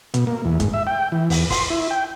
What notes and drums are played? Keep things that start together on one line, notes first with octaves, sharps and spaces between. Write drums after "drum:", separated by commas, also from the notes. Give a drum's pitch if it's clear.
B2, drum: hi-hat
A#3
E2
G#2, drum: kick, hi-hat
E5
G5
E3
E2, drum: open hi-hat
C6, drum: kick, open hi-hat
E4
G5